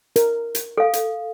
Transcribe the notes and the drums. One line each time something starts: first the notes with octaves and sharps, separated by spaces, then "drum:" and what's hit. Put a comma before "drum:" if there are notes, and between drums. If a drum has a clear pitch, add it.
A#4, drum: hi-hat
drum: hi-hat
A4 F5
drum: hi-hat